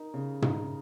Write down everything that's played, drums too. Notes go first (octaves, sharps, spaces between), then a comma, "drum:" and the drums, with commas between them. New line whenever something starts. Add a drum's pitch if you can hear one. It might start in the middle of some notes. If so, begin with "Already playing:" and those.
Already playing: D#4 A#4
C#3
D#4, drum: tom